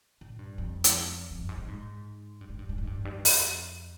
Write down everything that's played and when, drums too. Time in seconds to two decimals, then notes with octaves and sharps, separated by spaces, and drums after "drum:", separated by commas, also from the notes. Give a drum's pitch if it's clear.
0.21 A#2
0.39 G2
0.58 F2
0.84 drum: hi-hat
1.31 F2
1.40 G2
1.49 G#2
1.58 A#2
1.68 G#2
2.41 G2
2.50 G#2
2.59 G2
2.69 G2
2.78 G#2
2.87 G2
2.95 F2
3.05 G2
3.14 F2
3.25 drum: open hi-hat